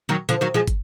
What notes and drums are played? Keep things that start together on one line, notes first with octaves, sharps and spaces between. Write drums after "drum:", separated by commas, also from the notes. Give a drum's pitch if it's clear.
D#3 F#3
D3 F3, drum: hi-hat
D#3 F#3
F3 G#3
drum: kick, hi-hat